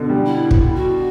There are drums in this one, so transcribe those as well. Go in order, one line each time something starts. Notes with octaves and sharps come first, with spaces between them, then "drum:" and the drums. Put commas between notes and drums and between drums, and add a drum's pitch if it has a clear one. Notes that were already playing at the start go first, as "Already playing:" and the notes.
Already playing: B2 D3
G3
E4
drum: kick
F#4